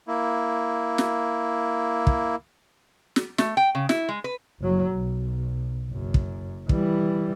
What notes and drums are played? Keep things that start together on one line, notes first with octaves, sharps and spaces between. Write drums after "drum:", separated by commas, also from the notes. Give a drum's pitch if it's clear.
A#3 E4
drum: snare
drum: kick
drum: snare
A3, drum: snare
G5
C#3
E4, drum: snare
G#3
B4
F#1 F#3
B1
F#1 F#2
drum: kick
E3 G3, drum: kick